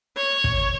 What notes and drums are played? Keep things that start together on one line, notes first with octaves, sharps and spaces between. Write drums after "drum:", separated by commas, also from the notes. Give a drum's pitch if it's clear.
C#5
drum: kick